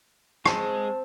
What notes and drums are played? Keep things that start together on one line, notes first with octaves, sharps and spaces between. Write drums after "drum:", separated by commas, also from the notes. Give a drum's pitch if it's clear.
G#3 C4 A5, drum: rim click